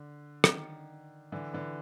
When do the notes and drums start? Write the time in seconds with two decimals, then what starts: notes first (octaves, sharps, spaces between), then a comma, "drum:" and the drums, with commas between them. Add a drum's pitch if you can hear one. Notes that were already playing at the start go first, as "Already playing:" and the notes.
Already playing: D3
0.44 D#3, drum: rim click
1.32 D3 E3
1.53 D3 E3